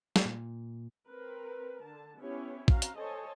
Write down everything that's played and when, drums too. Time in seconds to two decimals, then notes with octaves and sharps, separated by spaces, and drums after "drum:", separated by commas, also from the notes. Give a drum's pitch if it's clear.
0.16 drum: snare
0.25 A#2
1.07 C4 A#4 B4
1.83 D3 A5
2.19 B3 C#4 E4 G4 C#5
2.68 C4 F#4 F5 A#5, drum: kick A#1
2.82 drum: hi-hat
2.97 A4 C5 C#5 D#5 G#5 A5